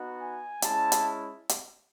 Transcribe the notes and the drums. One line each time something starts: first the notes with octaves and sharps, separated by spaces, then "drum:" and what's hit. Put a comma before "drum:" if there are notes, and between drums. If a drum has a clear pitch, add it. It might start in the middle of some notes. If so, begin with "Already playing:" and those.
Already playing: B3 D#4 F#4
G#5
G#3 C#4 E4 A5, drum: hi-hat
drum: hi-hat
drum: hi-hat